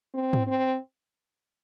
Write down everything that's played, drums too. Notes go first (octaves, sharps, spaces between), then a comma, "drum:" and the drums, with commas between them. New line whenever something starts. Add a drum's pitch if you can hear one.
C4
drum: tom G#2
C4